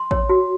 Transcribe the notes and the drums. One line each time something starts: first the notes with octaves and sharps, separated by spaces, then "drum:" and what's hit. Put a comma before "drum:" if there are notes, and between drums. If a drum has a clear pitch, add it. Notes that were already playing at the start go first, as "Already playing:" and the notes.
Already playing: C6
C#5, drum: kick A1
F#4